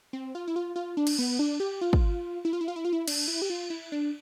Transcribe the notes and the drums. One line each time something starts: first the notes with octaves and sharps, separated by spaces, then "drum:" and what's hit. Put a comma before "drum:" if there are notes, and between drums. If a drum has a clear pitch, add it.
C4
F4
E4
F4
F4
D4
drum: cymbal
B3
D4
G4
F4
drum: kick
E4
F4
E4
F4
E4
F4
E4
D4, drum: cymbal
E4
G4
F4
E4
D4